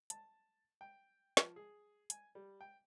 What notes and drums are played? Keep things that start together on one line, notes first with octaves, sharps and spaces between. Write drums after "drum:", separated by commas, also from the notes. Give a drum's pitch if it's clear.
A5, drum: hi-hat
G5
F3, drum: snare
G#4
G#5, drum: hi-hat
G3
G5